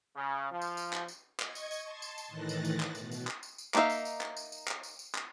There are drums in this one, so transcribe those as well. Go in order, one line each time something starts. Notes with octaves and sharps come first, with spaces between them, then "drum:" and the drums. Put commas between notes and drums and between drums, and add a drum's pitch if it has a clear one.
C#3
F3
drum: tambourine
drum: tambourine
drum: clap
drum: tambourine
D#5 C#6 G#6, drum: clap
drum: tambourine
drum: tambourine
A5 C6
drum: tambourine
drum: tambourine
A2 D#3 E3 F#6 A6 A#6
drum: tambourine
drum: tambourine
drum: clap
B2, drum: tambourine
drum: tambourine
drum: clap
drum: tambourine
drum: tambourine
A#3 D4 D#4 E5 F5, drum: clap
drum: tambourine
drum: tambourine
drum: clap
drum: tambourine
drum: tambourine
drum: clap
drum: tambourine
drum: tambourine
drum: clap